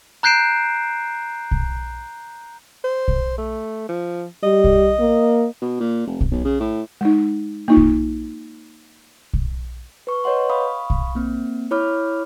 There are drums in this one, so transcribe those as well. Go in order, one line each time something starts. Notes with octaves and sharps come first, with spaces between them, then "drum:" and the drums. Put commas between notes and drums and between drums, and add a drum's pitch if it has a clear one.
A#5 F#6 G6 C7 D7 E7
drum: kick
C5
drum: kick
A3
F3
G3 D#5
drum: kick
A#3
B2
A#2
F1
drum: kick
B1
C#3
A2
G#3 D#4
A#3 D#4 F4
drum: kick
drum: kick
B4 C#6
B4 C#5 D#5 F#5 C6
F5 B5 C#6 D#6
drum: kick
A#3 C4
E4 C#5 B5 D6 F6